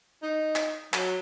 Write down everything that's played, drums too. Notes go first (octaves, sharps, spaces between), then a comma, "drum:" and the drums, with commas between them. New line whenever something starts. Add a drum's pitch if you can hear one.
D#4
drum: clap
F#3, drum: clap